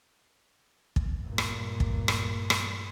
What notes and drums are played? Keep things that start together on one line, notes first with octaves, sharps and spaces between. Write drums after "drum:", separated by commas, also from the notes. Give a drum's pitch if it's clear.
drum: kick
G2 A#2
drum: rim click
drum: kick
drum: rim click
drum: rim click